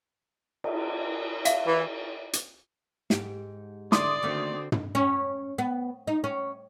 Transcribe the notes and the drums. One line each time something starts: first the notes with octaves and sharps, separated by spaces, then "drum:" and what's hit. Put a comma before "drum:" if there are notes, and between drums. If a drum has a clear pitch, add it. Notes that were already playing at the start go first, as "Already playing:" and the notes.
drum: cymbal
E5 F5, drum: hi-hat
E3
drum: hi-hat
G#2 G4, drum: snare
D3 E4 D5 C6 D6 D#6, drum: snare
D3 D#3 A3 A#3 C4 F#4
drum: tom
C#4
B3
D#4
C#4